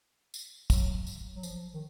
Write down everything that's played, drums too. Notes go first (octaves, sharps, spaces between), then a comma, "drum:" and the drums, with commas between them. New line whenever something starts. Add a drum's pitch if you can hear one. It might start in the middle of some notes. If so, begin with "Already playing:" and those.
drum: tambourine
F#3, drum: kick, tambourine
drum: tambourine
F#3
F3, drum: tambourine
D#3